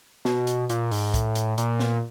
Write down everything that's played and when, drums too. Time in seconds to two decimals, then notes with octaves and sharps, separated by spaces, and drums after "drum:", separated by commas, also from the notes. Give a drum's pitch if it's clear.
0.25 B2, drum: snare
0.47 drum: hi-hat
0.69 A#2, drum: hi-hat
0.91 G#2, drum: open hi-hat
1.14 A2, drum: kick, hi-hat
1.35 drum: hi-hat
1.58 A#2, drum: hi-hat
1.80 drum: snare